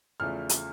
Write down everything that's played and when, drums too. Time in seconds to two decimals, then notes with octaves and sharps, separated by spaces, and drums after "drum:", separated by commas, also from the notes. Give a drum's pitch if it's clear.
0.20 E2 C#3 F3 A3 F6
0.49 drum: hi-hat